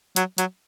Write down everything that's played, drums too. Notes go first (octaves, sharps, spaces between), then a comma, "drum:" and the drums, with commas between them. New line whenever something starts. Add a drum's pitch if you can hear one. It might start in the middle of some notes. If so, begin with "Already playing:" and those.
F#3, drum: hi-hat
F#3, drum: hi-hat